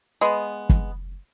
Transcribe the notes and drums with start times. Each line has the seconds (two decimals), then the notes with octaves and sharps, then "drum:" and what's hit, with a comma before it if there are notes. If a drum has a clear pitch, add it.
0.21 G#3 B3
0.69 drum: kick